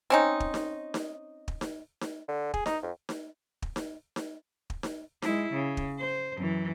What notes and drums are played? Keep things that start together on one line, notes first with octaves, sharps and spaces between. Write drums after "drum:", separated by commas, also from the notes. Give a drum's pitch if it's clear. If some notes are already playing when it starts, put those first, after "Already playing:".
C4 C#4 D#4
drum: kick
drum: snare D#4
drum: snare D#4
drum: kick
drum: snare D#4
drum: snare D#4
D3
G#4, drum: kick
D#4, drum: snare D#4
F2
drum: snare D#4
drum: kick
drum: snare D#4
drum: snare D#4
drum: kick
drum: snare D#4
G#3 E4, drum: snare D#4
C#3
drum: kick
C5
F#2 E3